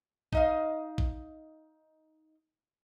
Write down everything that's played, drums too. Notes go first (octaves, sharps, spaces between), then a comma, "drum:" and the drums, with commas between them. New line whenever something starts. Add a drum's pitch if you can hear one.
D#4 D#5 F5, drum: kick A1
drum: kick A1